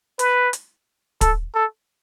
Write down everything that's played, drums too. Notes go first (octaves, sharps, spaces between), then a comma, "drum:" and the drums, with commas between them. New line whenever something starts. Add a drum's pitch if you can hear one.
B4, drum: hi-hat
drum: hi-hat
A4, drum: kick, hi-hat
A4